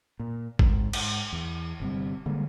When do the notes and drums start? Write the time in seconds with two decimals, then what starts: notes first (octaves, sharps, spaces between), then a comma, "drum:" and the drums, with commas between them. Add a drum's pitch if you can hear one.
0.19 A#2
0.59 G#2 D#3, drum: kick G#1
0.93 G#2, drum: cymbal
1.33 E2
1.80 G1 C3 G3
2.26 D3 G3 G#3 A#3